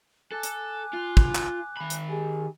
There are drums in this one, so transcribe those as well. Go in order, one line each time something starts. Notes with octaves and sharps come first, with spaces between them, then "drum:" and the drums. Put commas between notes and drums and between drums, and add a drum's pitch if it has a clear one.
A4 G#5 D6 F#6
drum: hi-hat
F4
drum: kick
drum: clap
D#3 B5
drum: hi-hat
G4 G#4 G#5